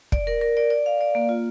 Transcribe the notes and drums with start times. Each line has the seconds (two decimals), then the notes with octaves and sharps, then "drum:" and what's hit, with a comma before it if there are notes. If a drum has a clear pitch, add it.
0.12 D5, drum: kick
0.27 A#4
0.41 A#4
0.57 D5
0.70 D5
0.86 F5
1.01 D5
1.15 A#3
1.29 F4